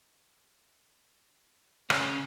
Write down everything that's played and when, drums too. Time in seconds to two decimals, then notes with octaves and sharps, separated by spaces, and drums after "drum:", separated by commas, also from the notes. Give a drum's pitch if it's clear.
1.90 C#3 C#4 G#4, drum: rim click